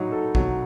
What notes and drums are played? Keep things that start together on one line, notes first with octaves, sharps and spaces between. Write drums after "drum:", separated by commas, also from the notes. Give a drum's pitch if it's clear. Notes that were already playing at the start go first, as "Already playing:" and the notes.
Already playing: A2 F#3 D#4
A4
B2 F#3, drum: kick